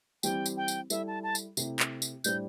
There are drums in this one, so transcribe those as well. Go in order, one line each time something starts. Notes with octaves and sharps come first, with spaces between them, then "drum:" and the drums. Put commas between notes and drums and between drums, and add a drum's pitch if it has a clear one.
E3 G3 C4 G4 G5, drum: tambourine
drum: tambourine
G5
drum: tambourine
G3 E4 A4 E5, drum: tambourine
A5
A5
drum: tambourine
C3 A3 E4, drum: tambourine
drum: clap
drum: tambourine
A2 G3 D4 G4 C5 G6, drum: tambourine